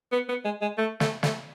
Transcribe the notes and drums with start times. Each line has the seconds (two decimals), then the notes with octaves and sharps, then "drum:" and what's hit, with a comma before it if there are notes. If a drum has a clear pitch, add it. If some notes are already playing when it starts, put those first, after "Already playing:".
0.12 B3
0.29 B3
0.45 G#3
0.61 G#3
0.78 A3
1.00 A3, drum: snare
1.23 A3, drum: snare